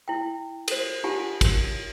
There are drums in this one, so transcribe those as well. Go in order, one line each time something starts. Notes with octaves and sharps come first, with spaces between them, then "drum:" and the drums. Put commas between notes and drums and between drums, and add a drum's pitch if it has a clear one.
E4 G5
A4 C5, drum: cymbal
D4 D#4 F4 G4 F#5 G#5
drum: kick, cymbal